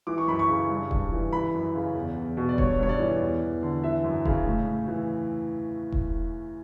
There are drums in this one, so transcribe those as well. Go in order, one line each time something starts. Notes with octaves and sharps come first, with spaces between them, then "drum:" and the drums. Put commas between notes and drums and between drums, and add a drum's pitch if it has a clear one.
E3 D6
C#6
F#2 B5
C#6
C#3
G2
G2, drum: kick E1
E3
E3 B5
F#2
C#3
E2
E2
B2
D5
G2 C#5, drum: kick E1
G2 C#5
D5
E3
E2
E2
D3
E3 E5
F#2
C#3, drum: kick E1
A2
A2
E3
drum: kick E1